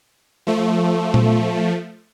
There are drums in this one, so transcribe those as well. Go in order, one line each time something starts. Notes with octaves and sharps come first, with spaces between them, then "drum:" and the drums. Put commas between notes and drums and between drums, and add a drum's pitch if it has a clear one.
F3 A3
drum: tom A#2